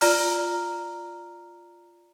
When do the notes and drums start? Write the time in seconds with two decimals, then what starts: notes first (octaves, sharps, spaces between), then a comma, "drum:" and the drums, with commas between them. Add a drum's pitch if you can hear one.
0.01 F4 D5 A#5 F6, drum: open hi-hat